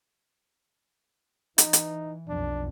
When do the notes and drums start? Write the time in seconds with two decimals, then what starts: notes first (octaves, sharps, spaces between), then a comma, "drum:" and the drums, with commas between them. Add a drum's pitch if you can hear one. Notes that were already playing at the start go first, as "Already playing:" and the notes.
1.58 E3 D#4, drum: hi-hat
1.73 drum: hi-hat
2.28 B1 F2 D4